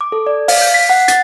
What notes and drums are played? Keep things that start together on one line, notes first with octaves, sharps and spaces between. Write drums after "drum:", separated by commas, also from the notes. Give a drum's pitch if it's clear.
D6
A4
D5
F5, drum: open hi-hat
G6
B6
F#5
A6, drum: hi-hat